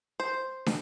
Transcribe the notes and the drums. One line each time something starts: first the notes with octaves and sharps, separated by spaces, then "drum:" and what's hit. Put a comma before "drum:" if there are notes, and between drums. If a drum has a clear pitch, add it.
C5
drum: snare